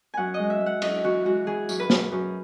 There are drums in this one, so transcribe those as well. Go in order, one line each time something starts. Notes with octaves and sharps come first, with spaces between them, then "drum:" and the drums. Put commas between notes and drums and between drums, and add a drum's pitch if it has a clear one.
F#2 F#5 G#5
D#5
G#3
E5
G#3
F#5
F#2 D#5, drum: cymbal
E3 F#4
G#3 F#4
E3 G#4
F#2, drum: tambourine
B4
F#2, drum: snare
F#2